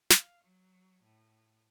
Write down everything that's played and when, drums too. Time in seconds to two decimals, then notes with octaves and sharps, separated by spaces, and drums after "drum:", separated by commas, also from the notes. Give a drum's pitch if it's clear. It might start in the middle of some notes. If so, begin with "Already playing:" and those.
0.11 F5, drum: snare
0.44 F#3
1.03 A2